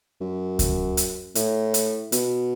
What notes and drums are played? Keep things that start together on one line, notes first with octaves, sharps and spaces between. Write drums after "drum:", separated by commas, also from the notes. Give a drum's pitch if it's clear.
F#2
drum: kick D2, hi-hat
drum: hi-hat
A2, drum: hi-hat
drum: hi-hat
B2, drum: hi-hat